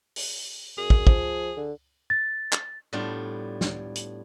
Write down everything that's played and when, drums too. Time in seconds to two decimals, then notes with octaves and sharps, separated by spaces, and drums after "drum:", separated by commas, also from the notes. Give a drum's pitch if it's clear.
0.16 drum: open hi-hat
0.78 F#2 G#4
0.90 drum: kick
1.07 F3, drum: kick
1.57 D3
2.10 A6
2.52 drum: clap
2.93 A2 G3 B3 D4 F4
3.61 drum: snare
3.95 drum: hi-hat